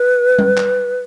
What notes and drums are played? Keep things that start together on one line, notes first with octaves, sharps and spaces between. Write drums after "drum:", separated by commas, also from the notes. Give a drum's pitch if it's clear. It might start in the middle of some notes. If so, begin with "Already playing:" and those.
Already playing: B4
drum: tom G3
drum: clap